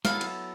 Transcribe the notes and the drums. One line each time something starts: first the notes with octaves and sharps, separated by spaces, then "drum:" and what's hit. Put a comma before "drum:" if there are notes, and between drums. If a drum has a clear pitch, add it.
F#3 B3 E4 A4 F5, drum: snare
drum: cymbal